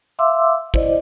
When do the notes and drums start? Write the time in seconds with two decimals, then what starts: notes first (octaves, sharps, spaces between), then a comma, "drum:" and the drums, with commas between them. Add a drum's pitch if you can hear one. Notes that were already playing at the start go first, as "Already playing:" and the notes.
0.19 E5 F5 C6 D6 E6
0.74 E4 C5 D5 D#5, drum: kick